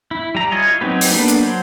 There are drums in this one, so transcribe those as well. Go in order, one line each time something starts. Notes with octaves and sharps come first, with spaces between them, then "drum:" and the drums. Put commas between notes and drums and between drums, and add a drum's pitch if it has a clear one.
E4
G3 A#5
E4 F4 C#5 D#5 G#5
F#3 C4 D#4 G4 B4
drum: open hi-hat
A#3 B3 D4 A4 B4
drum: hi-hat
F#3 C5